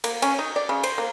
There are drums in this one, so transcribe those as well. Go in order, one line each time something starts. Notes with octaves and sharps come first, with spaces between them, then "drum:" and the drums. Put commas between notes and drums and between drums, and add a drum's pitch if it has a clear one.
A#3, drum: cymbal
C#4, drum: cymbal
D#4
D5
C#3
C5, drum: cymbal
A#3